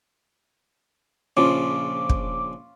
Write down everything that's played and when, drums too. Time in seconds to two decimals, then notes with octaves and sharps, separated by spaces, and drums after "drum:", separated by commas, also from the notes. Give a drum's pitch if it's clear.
1.37 A#1 C#3 F3 C#4 F4 D6
2.09 drum: kick